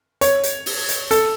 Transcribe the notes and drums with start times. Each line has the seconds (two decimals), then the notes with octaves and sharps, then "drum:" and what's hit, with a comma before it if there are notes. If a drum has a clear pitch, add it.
0.21 C#5, drum: hi-hat
0.43 drum: hi-hat
0.66 drum: open hi-hat
0.88 drum: hi-hat
1.11 A4, drum: hi-hat